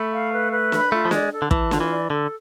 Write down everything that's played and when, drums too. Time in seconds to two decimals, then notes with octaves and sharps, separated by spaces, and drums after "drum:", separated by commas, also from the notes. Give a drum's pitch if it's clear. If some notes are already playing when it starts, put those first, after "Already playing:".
Already playing: A3 B5
0.12 F5
0.32 B4
0.52 B4
0.72 B5, drum: snare
0.92 A3 F4
1.05 F3
1.11 G#3 D5, drum: snare
1.32 A4
1.42 D3
1.51 E3 A5, drum: kick
1.71 D3 F4, drum: snare
1.80 E3
1.91 D5
2.10 D3 A4